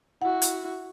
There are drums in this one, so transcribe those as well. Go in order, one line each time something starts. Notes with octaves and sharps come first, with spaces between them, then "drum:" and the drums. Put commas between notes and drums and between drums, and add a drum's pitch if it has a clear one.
E4 F#4 F#5
drum: hi-hat